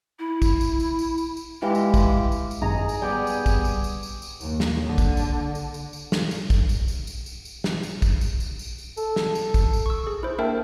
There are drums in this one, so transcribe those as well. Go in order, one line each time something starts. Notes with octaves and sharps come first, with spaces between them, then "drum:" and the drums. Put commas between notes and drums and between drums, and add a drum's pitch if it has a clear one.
E4
drum: kick, tambourine
drum: tambourine
drum: tambourine
drum: tambourine
drum: tambourine
drum: tambourine
E3 G#3 G4 F5
drum: tambourine
drum: kick, tambourine
drum: tambourine
drum: tambourine
G#1 F#2 D#4 G#4 A#5
drum: tambourine
G3 B3 G4 D5
drum: tambourine
drum: kick, tambourine
drum: tambourine
drum: tambourine
drum: tambourine
drum: tambourine
D#2, drum: tambourine
drum: snare
D3
drum: kick, tambourine
drum: tambourine
drum: tambourine
drum: tambourine
drum: tambourine
drum: snare
drum: tambourine
drum: kick, tambourine
drum: tambourine
drum: tambourine
drum: tambourine
drum: tambourine
drum: tambourine
drum: snare
drum: tambourine
drum: kick, tambourine
drum: tambourine
drum: tambourine
drum: tambourine
drum: tambourine
A4, drum: tambourine
drum: snare
drum: tambourine
drum: kick, tambourine
drum: tambourine
C#6 E6
G#4
E4 C5
A#3 D4 A#4 E5 G5 A5